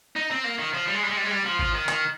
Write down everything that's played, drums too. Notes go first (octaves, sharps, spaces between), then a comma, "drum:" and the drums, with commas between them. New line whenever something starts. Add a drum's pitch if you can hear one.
D#4
C4
A#3
D#3
F3
G3
G#3
G3
G#3
G3
G#3
G3
F3
F3, drum: kick
D#3
D#3, drum: clap